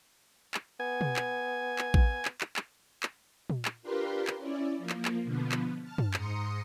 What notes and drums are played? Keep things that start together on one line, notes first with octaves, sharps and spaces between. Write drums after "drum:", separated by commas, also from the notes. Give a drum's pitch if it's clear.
drum: clap
B3 G#5
drum: tom
drum: clap
drum: clap
drum: kick A1
drum: clap
drum: clap
drum: clap
drum: clap
drum: tom A#2
drum: clap
D4 F4 G4 A#4 B4 C6
drum: clap
C#4 E4 D5
F3 A#3
drum: clap
drum: clap
B2 D3 F3 B3
drum: clap
A5 F6
drum: tom
G#2 A#5 C6 D#6 C#7, drum: clap